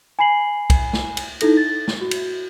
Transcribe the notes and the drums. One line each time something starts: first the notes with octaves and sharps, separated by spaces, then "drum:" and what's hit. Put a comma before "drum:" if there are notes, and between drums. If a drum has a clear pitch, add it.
G#5 B5 C7 F#7
drum: kick C2, cymbal
drum: snare
drum: cymbal
D#4 E4 A4 A#6, drum: cymbal
A6
drum: snare
F#4
drum: cymbal